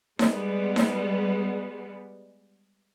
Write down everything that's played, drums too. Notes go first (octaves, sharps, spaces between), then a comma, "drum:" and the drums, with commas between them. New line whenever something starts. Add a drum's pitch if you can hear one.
G3 G#3 B3, drum: snare D#4
drum: snare D#4